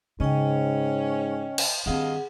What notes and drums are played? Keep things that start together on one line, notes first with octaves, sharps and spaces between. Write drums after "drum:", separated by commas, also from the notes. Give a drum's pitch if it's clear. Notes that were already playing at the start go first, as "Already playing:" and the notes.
G#2 C#3 C#4 D#5 G5
drum: cymbal
G2 D#3 C4 G#4 D#5 F5 F#5